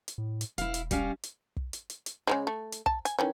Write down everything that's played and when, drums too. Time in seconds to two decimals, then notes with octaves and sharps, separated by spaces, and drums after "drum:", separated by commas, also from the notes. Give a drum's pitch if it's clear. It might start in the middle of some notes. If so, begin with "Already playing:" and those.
0.08 drum: hi-hat
0.18 A2
0.41 drum: hi-hat
0.58 E1 E4 F5, drum: hi-hat
0.74 drum: hi-hat
0.91 G3 C#4 F5, drum: kick, hi-hat
1.23 drum: hi-hat
1.56 drum: kick
1.73 drum: hi-hat
1.90 drum: hi-hat
2.06 drum: hi-hat
2.27 C#3 F3 G#3
2.47 A3
2.72 drum: hi-hat
2.86 A5, drum: kick
3.05 G#5, drum: hi-hat
3.19 D#3 E3 C#4